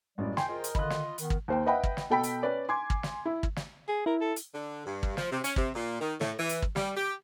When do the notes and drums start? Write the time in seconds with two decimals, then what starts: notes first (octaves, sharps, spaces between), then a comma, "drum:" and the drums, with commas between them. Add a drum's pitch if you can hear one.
0.18 A1 F#2 G3 G#3 D5
0.37 G5 G#5 C6, drum: snare
0.48 F4 G#4 A#4 C5 D#5 G5
0.64 drum: hi-hat
0.75 D3 D#3 F4 D#5 B5 F#6, drum: kick
0.90 drum: snare
1.18 D#3 B3, drum: hi-hat
1.30 drum: kick
1.48 D#2 C5 G5
1.66 B4 D#5 E5 F#5 G5 B5
1.83 drum: kick
1.97 drum: snare
2.10 B2 A4 G5 B5 B6
2.23 drum: hi-hat
2.43 C#4 B4 D5
2.69 G#5 C6 D6 G#6
2.90 drum: kick
3.03 drum: snare
3.26 E4
3.43 drum: kick
3.56 drum: snare
3.88 G#4
4.06 E4 A#4
4.21 A4
4.36 drum: hi-hat
4.54 D3
4.86 G2
5.03 drum: kick
5.17 F3, drum: snare
5.31 C3
5.44 C#4, drum: hi-hat
5.56 C3, drum: kick
5.75 A#2
6.01 D#3
6.21 A2, drum: snare
6.39 E3
6.49 drum: hi-hat
6.62 drum: kick
6.76 G3, drum: snare
6.96 G4